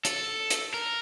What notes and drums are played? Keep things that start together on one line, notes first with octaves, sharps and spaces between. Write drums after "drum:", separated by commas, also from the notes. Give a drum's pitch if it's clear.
A4, drum: hi-hat
drum: hi-hat
A#4